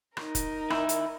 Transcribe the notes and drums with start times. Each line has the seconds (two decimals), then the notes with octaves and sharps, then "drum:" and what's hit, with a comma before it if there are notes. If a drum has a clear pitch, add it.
0.17 D#4 A#4, drum: rim click
0.35 drum: kick, hi-hat
0.70 D#3 E4, drum: rim click
0.89 drum: hi-hat